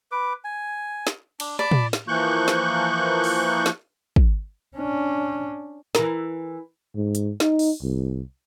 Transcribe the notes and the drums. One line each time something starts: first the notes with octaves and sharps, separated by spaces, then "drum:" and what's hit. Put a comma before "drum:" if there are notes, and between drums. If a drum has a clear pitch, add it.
B4 D6
G#5
drum: snare
D4, drum: cymbal
D5 A5 B5
drum: tom
drum: snare
E3 F3 A#3 C#6 F#6 G6
drum: snare
drum: open hi-hat
drum: snare
drum: kick
C#4 D4
E3 A#4, drum: snare
G#2
drum: hi-hat
D#4, drum: snare
drum: open hi-hat
C2